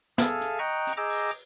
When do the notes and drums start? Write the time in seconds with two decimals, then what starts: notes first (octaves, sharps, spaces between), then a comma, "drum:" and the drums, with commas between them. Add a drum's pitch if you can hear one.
0.18 G#4 A4 E5 F5 G#5, drum: snare
0.41 drum: hi-hat
0.59 D#5 F#5 G5 A#5 C#6
0.87 drum: hi-hat
0.97 G#4 D#5 G5 A#5 D6 E6
1.10 drum: open hi-hat